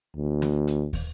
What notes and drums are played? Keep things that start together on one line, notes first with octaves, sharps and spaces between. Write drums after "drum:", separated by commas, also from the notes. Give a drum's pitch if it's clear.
D2
drum: snare
drum: hi-hat
drum: kick, open hi-hat